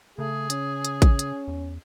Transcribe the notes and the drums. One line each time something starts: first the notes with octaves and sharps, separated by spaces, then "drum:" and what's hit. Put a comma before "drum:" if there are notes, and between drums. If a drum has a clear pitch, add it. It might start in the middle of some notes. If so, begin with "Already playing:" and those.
C#3 A3 G#4
C#4, drum: hi-hat
drum: hi-hat
drum: kick, hi-hat
drum: hi-hat
E2